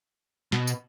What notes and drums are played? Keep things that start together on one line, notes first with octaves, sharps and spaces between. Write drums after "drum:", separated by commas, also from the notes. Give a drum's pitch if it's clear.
B2, drum: snare
drum: tambourine